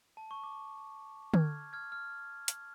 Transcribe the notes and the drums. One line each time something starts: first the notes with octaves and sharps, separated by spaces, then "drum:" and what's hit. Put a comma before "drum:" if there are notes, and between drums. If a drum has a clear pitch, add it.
A5
C#6
D6
F6 G#6, drum: tom D3
F6 G#6
F6
drum: hi-hat